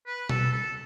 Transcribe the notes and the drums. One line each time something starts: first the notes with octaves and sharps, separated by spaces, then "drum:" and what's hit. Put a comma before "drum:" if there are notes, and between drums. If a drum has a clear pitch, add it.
B4
A4, drum: tom B2
A4